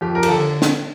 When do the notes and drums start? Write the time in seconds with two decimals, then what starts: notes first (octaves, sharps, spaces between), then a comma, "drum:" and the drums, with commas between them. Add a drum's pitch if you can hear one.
0.01 F2 G4
0.15 A#4
0.23 G4, drum: cymbal
0.28 D3 A4
0.62 drum: snare